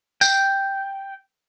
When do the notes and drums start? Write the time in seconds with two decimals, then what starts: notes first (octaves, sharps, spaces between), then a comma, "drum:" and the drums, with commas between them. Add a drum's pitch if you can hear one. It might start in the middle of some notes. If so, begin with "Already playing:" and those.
0.21 G5, drum: tambourine